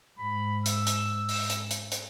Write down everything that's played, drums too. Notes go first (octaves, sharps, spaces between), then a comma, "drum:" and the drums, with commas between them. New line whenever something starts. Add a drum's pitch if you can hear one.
G#2 B5
E6, drum: hi-hat
drum: hi-hat
drum: open hi-hat
drum: hi-hat
drum: hi-hat
drum: hi-hat